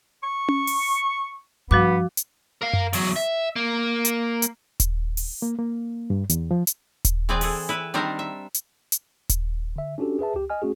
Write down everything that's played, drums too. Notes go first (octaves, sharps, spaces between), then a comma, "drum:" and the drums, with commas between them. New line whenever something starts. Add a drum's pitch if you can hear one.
C#6
drum: tom C#4
drum: open hi-hat
G2 F3 B3 F#4 D6
drum: hi-hat
A#4 F5
drum: tom F#2
E2 F#3, drum: open hi-hat
E5
A#3
drum: hi-hat
drum: hi-hat
drum: kick D#1, hi-hat
drum: open hi-hat
A#3
A#3
G2
E2, drum: hi-hat
F3
drum: hi-hat
drum: kick D#1, hi-hat
E3 C4 G#4 B4 D5
E4 G#4 A4, drum: open hi-hat
E4 B4
D#3 G3 C4 D4 A#4
E5
drum: hi-hat
drum: hi-hat
drum: kick D#1, hi-hat
D3 E5
C#4 D4 F#4 G4 A4
G#4 B4 E5 A5
C#2 G4
D#5 G#5 F6
A3 C#4 F#4 G#4